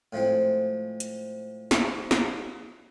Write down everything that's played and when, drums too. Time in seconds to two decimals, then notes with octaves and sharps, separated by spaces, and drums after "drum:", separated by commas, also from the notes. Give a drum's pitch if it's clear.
0.13 A2 F3 G#3 C4
1.00 drum: hi-hat
1.71 drum: snare
2.11 drum: snare